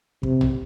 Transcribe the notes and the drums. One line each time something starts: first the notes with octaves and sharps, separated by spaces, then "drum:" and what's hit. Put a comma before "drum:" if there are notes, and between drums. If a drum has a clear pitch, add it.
C3, drum: kick
drum: tom A#1